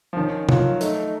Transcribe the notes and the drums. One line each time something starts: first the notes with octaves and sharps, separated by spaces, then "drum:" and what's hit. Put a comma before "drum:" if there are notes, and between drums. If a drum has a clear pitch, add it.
F3
D#3 C#4
F#3 F4, drum: tom
A3 D#4, drum: hi-hat